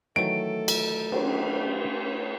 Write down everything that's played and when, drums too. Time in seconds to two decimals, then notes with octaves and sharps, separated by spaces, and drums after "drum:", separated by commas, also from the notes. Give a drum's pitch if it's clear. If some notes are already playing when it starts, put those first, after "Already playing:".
0.16 D#3 E3 F#3 A3 A4 D7
0.68 drum: cymbal
1.12 drum: cymbal